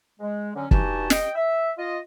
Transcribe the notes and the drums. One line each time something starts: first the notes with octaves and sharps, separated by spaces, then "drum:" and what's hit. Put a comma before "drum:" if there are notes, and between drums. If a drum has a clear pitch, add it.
G#3
D3 F#3 C#4
G2 D#4 F#4 G4 G#5 A5, drum: kick
D#5 G5, drum: snare
E5
F4 D#5